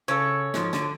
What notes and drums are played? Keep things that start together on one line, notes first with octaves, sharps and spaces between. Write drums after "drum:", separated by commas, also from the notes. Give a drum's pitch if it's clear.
C#3 A4 C#5
G#2 F3, drum: snare
D3, drum: snare